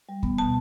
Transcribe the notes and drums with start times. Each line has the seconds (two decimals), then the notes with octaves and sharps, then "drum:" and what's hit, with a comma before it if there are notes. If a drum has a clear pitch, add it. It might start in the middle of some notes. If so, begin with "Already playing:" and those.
0.09 G3
0.23 B3, drum: kick D2
0.38 B2 A5